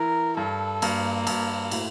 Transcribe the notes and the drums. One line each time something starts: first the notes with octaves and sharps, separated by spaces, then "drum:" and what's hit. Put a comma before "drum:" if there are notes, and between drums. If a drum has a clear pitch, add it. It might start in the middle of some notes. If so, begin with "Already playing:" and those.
Already playing: E3 A#4
G2 A4
G2 A#3, drum: cymbal
G2, drum: cymbal
A2, drum: cymbal